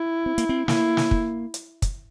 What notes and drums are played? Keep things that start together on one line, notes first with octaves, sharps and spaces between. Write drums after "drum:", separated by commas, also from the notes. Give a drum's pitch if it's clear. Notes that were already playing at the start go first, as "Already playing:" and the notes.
Already playing: E4
C4
A#3, drum: hi-hat
C4
A#3 E4, drum: snare
drum: snare
drum: kick
drum: hi-hat
drum: kick, hi-hat